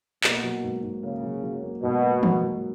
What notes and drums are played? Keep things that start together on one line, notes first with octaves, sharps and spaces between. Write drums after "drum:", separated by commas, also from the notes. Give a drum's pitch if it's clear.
B2 A#3, drum: clap
F#3
G#2
G#2
C#3 A#3
F#3
F#3
A#3
G#2 B2
A#3
G#2, drum: tom D#3
F#3